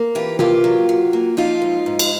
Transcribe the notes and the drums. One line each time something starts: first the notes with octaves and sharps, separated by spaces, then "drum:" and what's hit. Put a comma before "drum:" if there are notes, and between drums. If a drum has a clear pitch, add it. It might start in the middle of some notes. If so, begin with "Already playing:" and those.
Already playing: A#3
E3 F4 G4
A#3 F4 G4, drum: tom C3
F#3
F#3
A#3
F3 D#4 F4
G#2
G#2
drum: cymbal